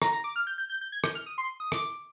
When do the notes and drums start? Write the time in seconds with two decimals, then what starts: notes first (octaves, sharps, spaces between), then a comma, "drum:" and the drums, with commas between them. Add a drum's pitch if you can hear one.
0.02 A#5, drum: rim click
0.13 A#5
0.24 D6
0.36 F6
0.47 G6
0.58 G6
0.70 G6
0.81 G6
0.92 G#6
1.04 G6, drum: rim click
1.15 F6
1.26 D#6
1.38 C6
1.60 D#6
1.72 D6, drum: rim click